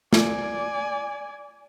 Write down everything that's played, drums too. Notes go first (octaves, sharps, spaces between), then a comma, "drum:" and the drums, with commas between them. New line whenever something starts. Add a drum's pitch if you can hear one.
D5 G#5, drum: snare